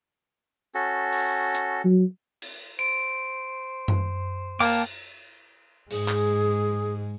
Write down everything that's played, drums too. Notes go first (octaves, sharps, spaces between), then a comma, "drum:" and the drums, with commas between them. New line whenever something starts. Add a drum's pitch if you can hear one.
C#4 F#4 A4
drum: open hi-hat
drum: hi-hat
F#3
drum: cymbal
C5 D7
drum: tom F#2
A#3 G5 A5 D6, drum: cymbal
G#2 G#3 G#4, drum: open hi-hat
drum: clap